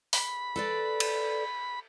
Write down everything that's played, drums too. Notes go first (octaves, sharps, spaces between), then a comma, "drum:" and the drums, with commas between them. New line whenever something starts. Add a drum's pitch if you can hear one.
B5, drum: open hi-hat
A4 B4 D5
drum: cymbal